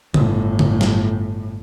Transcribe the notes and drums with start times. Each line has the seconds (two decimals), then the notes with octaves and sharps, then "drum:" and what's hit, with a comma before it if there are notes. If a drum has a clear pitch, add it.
0.14 G1 A2, drum: tom C#3
0.59 drum: tom C#3
0.81 drum: snare